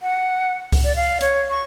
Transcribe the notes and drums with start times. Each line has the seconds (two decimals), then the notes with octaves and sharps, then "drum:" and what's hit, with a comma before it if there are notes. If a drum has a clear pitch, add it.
0.02 F#5
0.72 drum: kick C2, open hi-hat
0.84 D5
0.96 F5
1.21 C#5, drum: hi-hat
1.50 C#6